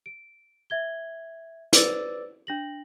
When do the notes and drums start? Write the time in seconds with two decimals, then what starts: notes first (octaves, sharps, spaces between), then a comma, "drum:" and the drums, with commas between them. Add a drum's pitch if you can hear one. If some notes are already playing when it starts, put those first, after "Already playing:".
0.06 D7
0.70 E5 G#6 G7
1.73 B4 C5 D5 D6 E6 A6, drum: hi-hat
2.47 D4 A#6 F#7